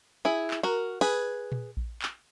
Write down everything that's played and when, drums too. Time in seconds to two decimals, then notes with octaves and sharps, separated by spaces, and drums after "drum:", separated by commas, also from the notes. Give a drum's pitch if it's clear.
0.25 E4 G#4
0.51 drum: clap
0.63 F#4 A#4
1.01 G#4 B4, drum: open hi-hat
1.52 drum: tom A#2
1.77 drum: kick A#1
2.02 drum: clap